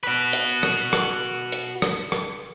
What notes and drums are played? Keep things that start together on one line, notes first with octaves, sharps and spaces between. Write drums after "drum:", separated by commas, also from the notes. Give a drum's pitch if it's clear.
F#4 B4
drum: hi-hat
drum: rim click
drum: rim click
drum: hi-hat
drum: rim click
drum: rim click